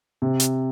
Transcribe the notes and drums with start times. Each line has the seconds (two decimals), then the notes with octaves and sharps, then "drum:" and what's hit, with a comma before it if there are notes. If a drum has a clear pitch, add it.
0.22 C3
0.40 drum: hi-hat